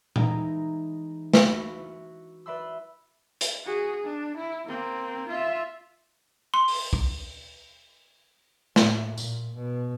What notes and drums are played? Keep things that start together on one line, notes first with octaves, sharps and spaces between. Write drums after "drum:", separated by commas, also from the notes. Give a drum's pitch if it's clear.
E3 G#3 D#4 A#5, drum: tom A#2
E4 F#4, drum: snare
B4 D5 E5 B5 C6 E6
drum: hi-hat
F#4 G#4
D4
E4
A#3 C4
F4 E5
C6
drum: open hi-hat
drum: kick
A2, drum: snare
A#2, drum: tambourine
B2